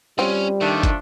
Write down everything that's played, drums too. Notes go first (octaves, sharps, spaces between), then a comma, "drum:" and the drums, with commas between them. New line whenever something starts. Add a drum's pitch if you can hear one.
G3 C4 C#4 F4 F#4
D#3 F3 A3 D4
drum: kick, hi-hat